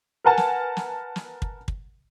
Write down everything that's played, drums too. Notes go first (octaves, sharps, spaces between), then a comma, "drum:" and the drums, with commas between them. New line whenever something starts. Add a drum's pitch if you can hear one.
A#4 B4 F#5 G#5 A5
drum: snare
drum: snare
drum: snare
drum: kick
drum: kick